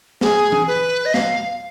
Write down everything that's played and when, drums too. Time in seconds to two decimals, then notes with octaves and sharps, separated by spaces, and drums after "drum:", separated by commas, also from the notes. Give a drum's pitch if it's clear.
0.21 G#4, drum: snare
0.52 drum: tom E3
0.67 B4
1.05 D#5
1.14 F5, drum: snare